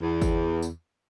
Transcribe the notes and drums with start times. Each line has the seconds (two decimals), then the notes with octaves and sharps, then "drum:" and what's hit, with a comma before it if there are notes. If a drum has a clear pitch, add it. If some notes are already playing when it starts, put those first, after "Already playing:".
0.01 E2
0.22 drum: kick G1, tambourine
0.62 drum: tambourine